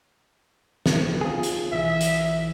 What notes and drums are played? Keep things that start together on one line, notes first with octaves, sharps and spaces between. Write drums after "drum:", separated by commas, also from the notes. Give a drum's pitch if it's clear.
drum: snare
F4 G#4
drum: hi-hat
B1 E3 E5
drum: hi-hat